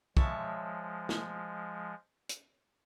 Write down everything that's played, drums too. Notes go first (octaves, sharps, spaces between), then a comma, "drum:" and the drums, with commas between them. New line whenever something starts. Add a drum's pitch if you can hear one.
F3 G#3 C#5 E5 A5, drum: kick
drum: snare
drum: hi-hat